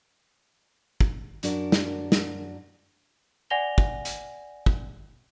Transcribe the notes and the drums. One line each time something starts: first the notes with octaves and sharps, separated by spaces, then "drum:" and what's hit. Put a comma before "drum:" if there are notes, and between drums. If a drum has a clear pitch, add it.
drum: kick
F#2 D4 F#4 A#4, drum: hi-hat
drum: snare
drum: snare
D5 F#5 G#5 A#6 F7 G7
drum: kick
drum: hi-hat
drum: kick